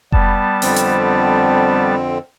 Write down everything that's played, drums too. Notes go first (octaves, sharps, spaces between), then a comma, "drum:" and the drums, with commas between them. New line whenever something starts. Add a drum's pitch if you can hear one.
G3 B3 A5, drum: kick F1
F2 D3 C4, drum: open hi-hat
drum: hi-hat